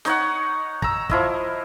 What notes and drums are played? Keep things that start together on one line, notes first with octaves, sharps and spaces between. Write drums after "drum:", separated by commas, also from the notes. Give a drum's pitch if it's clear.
D#4 C#5 F#5, drum: snare
A#5 E6, drum: kick
F3 E4 D#5, drum: kick